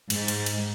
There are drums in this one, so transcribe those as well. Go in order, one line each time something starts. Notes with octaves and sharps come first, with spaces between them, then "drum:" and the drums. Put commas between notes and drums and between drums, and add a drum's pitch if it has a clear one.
G#2, drum: cymbal
drum: cymbal
drum: cymbal